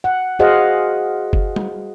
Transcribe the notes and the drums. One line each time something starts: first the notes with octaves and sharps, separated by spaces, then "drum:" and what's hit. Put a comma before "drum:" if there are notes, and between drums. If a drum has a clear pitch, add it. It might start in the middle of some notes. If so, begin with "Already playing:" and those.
F#5
F#4 G#4 C5 D#5 F5 F#5
drum: kick F#1
drum: tom